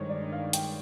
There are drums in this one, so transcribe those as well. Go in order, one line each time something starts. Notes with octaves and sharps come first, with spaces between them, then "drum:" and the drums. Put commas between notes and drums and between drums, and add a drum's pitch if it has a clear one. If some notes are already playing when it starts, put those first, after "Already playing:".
Already playing: G2 D#3 G#3 C5 C#5
D5
F5
G5, drum: hi-hat